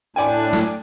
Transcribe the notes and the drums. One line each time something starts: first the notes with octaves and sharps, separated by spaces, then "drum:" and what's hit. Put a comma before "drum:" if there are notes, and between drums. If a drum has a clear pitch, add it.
A2 D4 D5 G5 G#5
drum: snare